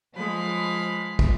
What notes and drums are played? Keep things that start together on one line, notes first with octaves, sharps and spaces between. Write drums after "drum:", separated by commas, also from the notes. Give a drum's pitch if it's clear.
F3 G#3 F5 B5
drum: kick